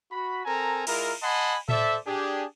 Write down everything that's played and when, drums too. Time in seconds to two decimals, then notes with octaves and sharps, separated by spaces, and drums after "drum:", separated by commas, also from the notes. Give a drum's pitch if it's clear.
0.12 F#4 B5
0.45 C4 A4 A#4 G#5 A#5
0.87 G#3 E4 F4 A#4, drum: cymbal
1.23 D#5 F#5 G#5 A5 B5 C6
1.69 A4 C5 D5 E5, drum: tom A2
2.06 D4 G4 G#4